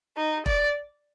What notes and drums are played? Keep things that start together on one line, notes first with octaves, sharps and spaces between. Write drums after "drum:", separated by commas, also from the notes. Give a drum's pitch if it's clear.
D#4
D5, drum: kick E1